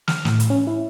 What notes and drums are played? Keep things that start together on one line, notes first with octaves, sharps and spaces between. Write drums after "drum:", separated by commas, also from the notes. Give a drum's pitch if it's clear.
F6, drum: snare
A2, drum: snare
drum: hi-hat
C#4
E4